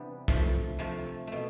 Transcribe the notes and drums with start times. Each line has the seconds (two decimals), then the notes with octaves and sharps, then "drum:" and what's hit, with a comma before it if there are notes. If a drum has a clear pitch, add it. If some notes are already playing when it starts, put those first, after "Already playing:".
Already playing: C3 E3 G3 B3 D4
0.28 F2 C3 F3 A3, drum: kick
0.79 F2 C3 F3 A3
1.27 B2 A3